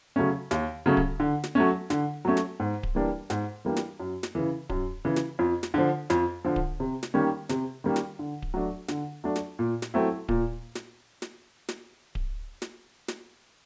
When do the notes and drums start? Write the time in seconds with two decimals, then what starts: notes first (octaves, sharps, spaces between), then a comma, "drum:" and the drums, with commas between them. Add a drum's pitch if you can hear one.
0.16 C#3 F#3 A3 C#4
0.51 D#2, drum: snare
0.86 C#3 F#3 A3 C#4
0.97 drum: kick D1
1.20 D3
1.44 drum: snare
1.55 F#3 A3 C#4
1.90 D3, drum: snare
2.25 F#3 A3 C#4
2.37 drum: snare
2.60 G#2
2.83 drum: kick D1
2.95 E3 G3 A#3 D4
3.30 G#2, drum: snare
3.65 E3 G3 A#3 D4
3.76 drum: snare
4.00 F#2
4.23 drum: snare
4.35 C#3 E3
4.70 F#2, drum: kick D1
5.05 C#3 E3
5.16 drum: snare
5.39 F2
5.63 drum: snare
5.74 D3 F3
6.10 F2, drum: snare
6.45 D3 F3
6.56 drum: kick D1
6.80 C3
7.03 drum: snare
7.14 D#3 G3 A#3 C#4
7.49 C3, drum: snare
7.84 D#3 G3 A#3 C#4
7.96 drum: snare
8.19 D3
8.42 drum: kick D1
8.54 F#3 A3 D4
8.88 D3, drum: snare
9.24 F#3 A3 D4
9.36 drum: snare
9.59 A#2
9.82 drum: snare
9.94 F#3 A3 C4 E4
10.29 A#2, drum: kick D1
10.75 drum: snare
11.22 drum: snare
11.69 drum: snare
12.15 drum: kick D1
12.62 drum: snare
13.08 drum: snare